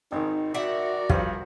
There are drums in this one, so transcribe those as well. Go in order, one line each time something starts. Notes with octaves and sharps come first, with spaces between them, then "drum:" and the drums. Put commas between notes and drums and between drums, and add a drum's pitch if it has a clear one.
G#1 D#3 D#4
F#4 A#4 D5 E5 F#5 G5
G2 F3 F#5, drum: kick